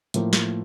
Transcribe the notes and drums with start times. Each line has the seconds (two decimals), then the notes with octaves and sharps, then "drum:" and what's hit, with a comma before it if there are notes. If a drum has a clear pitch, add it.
0.14 A2 F3 A#3, drum: hi-hat
0.33 drum: snare